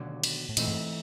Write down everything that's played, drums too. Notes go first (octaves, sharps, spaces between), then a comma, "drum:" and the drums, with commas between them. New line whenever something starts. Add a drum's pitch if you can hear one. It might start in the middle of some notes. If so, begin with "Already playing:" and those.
Already playing: D#2 B2 D3 F#3
drum: cymbal
A2
A#2 E3 A3 C4 D#4, drum: cymbal
G#2